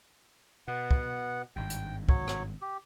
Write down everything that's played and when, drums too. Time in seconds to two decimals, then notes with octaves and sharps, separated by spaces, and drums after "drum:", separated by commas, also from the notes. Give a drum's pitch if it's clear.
0.68 B2 B3 F#5
0.91 drum: kick
1.56 G#1 G2 G5
1.70 drum: hi-hat
2.09 F#3 C#5, drum: kick
2.28 drum: rim click
2.62 G4